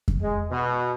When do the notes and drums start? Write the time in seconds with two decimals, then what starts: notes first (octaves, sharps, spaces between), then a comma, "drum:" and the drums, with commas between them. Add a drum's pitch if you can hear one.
0.08 drum: kick F2
0.22 G#3
0.50 B2